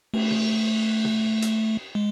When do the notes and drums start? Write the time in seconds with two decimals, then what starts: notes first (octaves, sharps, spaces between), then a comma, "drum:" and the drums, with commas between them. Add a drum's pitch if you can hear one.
0.14 A3, drum: cymbal
0.31 drum: tom B2
1.05 drum: tom B2
1.42 drum: hi-hat
1.95 G#3